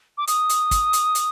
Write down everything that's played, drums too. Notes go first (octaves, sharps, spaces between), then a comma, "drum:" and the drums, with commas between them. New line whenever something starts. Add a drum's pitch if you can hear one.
D6
D#6, drum: hi-hat
drum: hi-hat
drum: kick, hi-hat
drum: hi-hat
drum: hi-hat